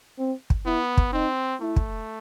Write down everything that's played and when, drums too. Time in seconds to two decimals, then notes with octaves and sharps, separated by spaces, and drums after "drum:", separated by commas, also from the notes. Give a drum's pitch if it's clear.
0.18 C4
0.50 drum: kick
0.66 B3 E4
0.98 drum: kick
1.13 C4 D#4
1.61 A3 E4
1.76 drum: kick